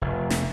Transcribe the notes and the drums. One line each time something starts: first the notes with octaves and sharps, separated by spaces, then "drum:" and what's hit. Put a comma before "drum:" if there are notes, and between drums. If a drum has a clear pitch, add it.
F1
drum: snare